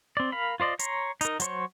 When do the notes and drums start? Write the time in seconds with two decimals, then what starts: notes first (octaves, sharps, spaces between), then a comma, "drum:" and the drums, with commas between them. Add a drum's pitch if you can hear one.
0.17 C4 D5
0.32 A#4 F5 B5
0.60 F4 C5 D5 D#5
0.79 C#5 A#5 C6, drum: hi-hat
1.21 D#4 A#4, drum: hi-hat
1.40 F#3 C5 C#5, drum: hi-hat